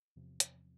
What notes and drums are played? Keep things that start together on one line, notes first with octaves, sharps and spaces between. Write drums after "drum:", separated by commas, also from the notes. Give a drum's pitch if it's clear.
E2 C3 F3
drum: hi-hat